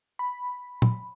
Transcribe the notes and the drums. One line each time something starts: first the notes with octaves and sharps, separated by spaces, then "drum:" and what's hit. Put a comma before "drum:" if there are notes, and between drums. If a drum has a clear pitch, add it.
B5
drum: tom